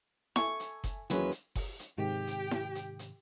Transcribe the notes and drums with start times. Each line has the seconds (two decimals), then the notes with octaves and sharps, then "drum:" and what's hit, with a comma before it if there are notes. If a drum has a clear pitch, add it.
0.36 A4 E5 G#5 C#6, drum: snare E4
0.60 drum: hi-hat
0.84 drum: kick F#1, hi-hat
1.10 D#2 E3 F#3 G#3 C#4 B4, drum: hi-hat
1.32 drum: hi-hat
1.56 drum: kick F#1, open hi-hat
1.79 drum: hi-hat
1.98 G#2 C3 D#3 G4 G5
2.27 drum: hi-hat
2.51 drum: snare E4
2.75 drum: hi-hat
2.99 drum: hi-hat